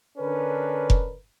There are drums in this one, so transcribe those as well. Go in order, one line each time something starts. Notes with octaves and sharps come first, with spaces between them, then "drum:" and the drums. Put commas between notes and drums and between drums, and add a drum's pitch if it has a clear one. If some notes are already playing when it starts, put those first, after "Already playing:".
D3 C#4 D4 A#4 B4
drum: kick F1